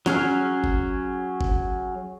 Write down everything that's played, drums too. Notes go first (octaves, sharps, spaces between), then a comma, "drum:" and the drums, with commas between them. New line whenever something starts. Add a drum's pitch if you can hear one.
F#3 C#4 G#4 F6, drum: snare
drum: kick G1
drum: kick G1